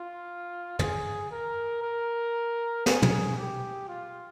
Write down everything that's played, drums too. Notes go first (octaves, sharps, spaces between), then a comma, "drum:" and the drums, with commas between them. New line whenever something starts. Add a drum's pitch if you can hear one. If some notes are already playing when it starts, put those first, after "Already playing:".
Already playing: F4
G#4, drum: tom
A#4
A#4
G#4, drum: snare
drum: tom
G4
F4